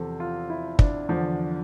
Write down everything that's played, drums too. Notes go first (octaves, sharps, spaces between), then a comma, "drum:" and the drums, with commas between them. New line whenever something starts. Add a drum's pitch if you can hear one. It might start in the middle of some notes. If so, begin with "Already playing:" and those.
Already playing: E2 C3 F3 A4 C5
F4
E4
D4, drum: kick
E2 D3 F3